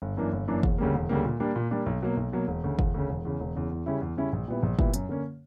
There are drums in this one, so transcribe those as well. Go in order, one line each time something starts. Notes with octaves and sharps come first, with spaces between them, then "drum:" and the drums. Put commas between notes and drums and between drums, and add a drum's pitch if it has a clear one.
G1
F#2 E3 A#3 D4
G1
F#2 E3 A#3 D4
E1, drum: kick
D2 C#3 G3 A#3
E1
D2 C#3 G3 A#3
A#2
G3 A#3 D4
A#2
G3 A#3 D4
B1
B2 F#3 A#3
B1
B2 F#3 A#3
E1
D2 C#3
E1, drum: kick
D2 C#3
E1
E2 C#3
E1
E2 C#3
E2
C#3 G3 C#4 E4
E2
C#3 G3 C#4 E4
A#1
A#2 G3 B3 E4
A#1
A#2 G3 B3 E4, drum: kick
F#2, drum: hi-hat
D3 A#3 C#4